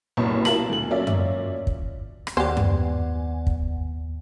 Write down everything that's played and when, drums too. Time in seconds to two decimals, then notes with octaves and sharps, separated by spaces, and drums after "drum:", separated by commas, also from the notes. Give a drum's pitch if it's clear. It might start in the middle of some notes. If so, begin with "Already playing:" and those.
0.17 C2 F#2 A#2 B4 C#5
0.45 B2 E4 F4 A#4 A5 F#7, drum: rim click
0.70 D2 B2 F#7
0.90 F#3 A#3 C#4 F4 D5 E5
1.07 drum: tom F#2
1.67 drum: kick
2.27 drum: rim click
2.37 D#2 B3 G4 C5 D5 F#5 G#5
2.57 drum: tom F#2
3.47 drum: kick